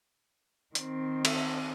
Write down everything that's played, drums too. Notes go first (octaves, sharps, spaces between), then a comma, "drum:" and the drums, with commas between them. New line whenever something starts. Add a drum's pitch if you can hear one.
D#3 C4, drum: hi-hat
drum: cymbal